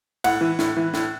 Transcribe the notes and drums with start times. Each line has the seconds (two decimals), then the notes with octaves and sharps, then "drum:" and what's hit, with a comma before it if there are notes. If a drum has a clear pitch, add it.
0.24 A2 F#5, drum: cymbal
0.41 E3
0.59 A2, drum: snare
0.77 E3
0.94 A2, drum: snare